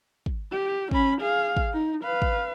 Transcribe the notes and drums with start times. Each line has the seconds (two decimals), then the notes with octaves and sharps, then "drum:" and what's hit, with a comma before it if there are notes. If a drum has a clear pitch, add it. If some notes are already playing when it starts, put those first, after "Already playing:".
0.26 drum: kick
0.52 G4
0.91 C#4 B5, drum: kick
1.21 G#4 F5
1.57 drum: kick
1.73 D#4
2.04 B4 F5
2.22 drum: kick